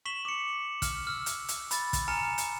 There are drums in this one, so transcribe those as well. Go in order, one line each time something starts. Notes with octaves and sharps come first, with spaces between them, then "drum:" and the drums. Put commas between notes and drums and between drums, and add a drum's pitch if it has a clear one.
C#6 B6 E7 F#7 G7
D6 C#7
F6, drum: kick, hi-hat
E6 F6
drum: hi-hat
drum: hi-hat
B5 A6, drum: hi-hat
drum: kick, hi-hat
G#5 A#5 F6 C#7 E7
drum: hi-hat